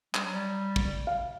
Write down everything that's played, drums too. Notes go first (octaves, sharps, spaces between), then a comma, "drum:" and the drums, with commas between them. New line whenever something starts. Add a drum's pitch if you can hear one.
G3, drum: clap
F#3
G3
drum: kick
F5